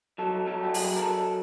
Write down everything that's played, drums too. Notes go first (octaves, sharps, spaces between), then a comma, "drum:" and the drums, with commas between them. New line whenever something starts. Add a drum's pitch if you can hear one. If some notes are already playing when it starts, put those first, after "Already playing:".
F#3 A4
F#3 A4
G4
F#3 G#4, drum: open hi-hat
A#4
F#3 A4